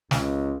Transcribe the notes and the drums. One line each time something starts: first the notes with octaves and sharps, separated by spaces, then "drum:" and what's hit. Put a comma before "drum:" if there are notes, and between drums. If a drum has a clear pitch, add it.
C#2, drum: snare